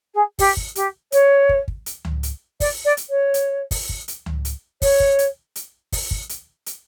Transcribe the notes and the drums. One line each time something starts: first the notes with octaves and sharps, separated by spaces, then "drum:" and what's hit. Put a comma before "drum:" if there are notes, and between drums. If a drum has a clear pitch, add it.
G#4
G4, drum: kick, open hi-hat
drum: kick
G4, drum: hi-hat
C#5, drum: hi-hat
drum: kick
drum: kick
drum: hi-hat
drum: tom C#2
drum: hi-hat
D5, drum: kick, open hi-hat
D5
drum: hi-hat
C#5
drum: hi-hat
drum: kick, open hi-hat
drum: kick
drum: hi-hat
drum: tom C#2
drum: hi-hat
C#5, drum: kick, open hi-hat
drum: kick
drum: hi-hat
drum: hi-hat
drum: kick, open hi-hat
drum: kick
drum: hi-hat
drum: hi-hat